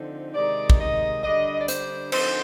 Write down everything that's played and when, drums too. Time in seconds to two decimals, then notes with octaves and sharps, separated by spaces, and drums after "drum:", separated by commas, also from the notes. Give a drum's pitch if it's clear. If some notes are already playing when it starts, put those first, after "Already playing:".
Already playing: D3 F3 C4 D#4
0.34 C3 D#3 G#3 D#4 D5
0.70 drum: kick
0.79 D#5
1.23 D3 G3 D4 D#5
1.60 D5
1.68 C5, drum: hi-hat
2.12 D3 F3 C4 D#4 C5, drum: cymbal